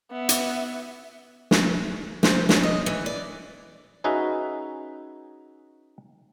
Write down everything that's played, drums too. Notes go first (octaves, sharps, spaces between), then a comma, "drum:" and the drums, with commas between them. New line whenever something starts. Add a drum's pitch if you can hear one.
B3 E5
drum: hi-hat
drum: snare
C5, drum: snare
C#4, drum: snare
D#5
E3
D5
C#4 D#4 F#4 G#4 B4 E5